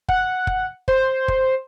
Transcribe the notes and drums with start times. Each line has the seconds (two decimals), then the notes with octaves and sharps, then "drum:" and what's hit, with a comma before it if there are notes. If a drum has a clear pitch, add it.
0.09 F#5, drum: kick
0.47 drum: kick
0.88 C5, drum: kick
1.28 drum: kick